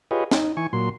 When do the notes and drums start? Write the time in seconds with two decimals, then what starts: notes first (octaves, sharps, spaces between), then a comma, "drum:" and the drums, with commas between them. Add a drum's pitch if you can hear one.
0.11 F4 G4 G#4 B4 C#5 D#5
0.31 D#4, drum: snare
0.57 E3 G#5 C#6
0.73 A#2 F#3 C6